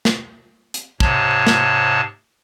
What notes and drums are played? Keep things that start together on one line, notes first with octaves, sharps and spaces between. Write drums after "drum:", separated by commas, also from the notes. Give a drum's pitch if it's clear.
drum: snare
drum: hi-hat
G#2 C3 C#5 A5, drum: kick
drum: snare